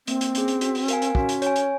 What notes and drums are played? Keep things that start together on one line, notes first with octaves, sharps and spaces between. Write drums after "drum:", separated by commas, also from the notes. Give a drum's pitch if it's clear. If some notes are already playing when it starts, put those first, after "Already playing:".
A#3 C4, drum: hi-hat
drum: hi-hat
C#4 G#4, drum: hi-hat
drum: hi-hat
F#4, drum: hi-hat
drum: open hi-hat
A#4 F5 G#5, drum: hi-hat
drum: hi-hat
C#4 F#4, drum: kick
drum: hi-hat
C#5 G#5, drum: hi-hat
drum: hi-hat